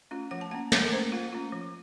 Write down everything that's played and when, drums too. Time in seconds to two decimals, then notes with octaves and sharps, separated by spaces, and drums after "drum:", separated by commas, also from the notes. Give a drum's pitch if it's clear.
0.11 A3 C#4 F4
0.31 F3 F#5
0.41 A5
0.51 A#3 C#4 F#5
0.72 F3 F#5, drum: snare
0.82 A#4
0.92 A#3 C#4 C5
1.12 A3 F4
1.33 C#4 F4
1.52 F3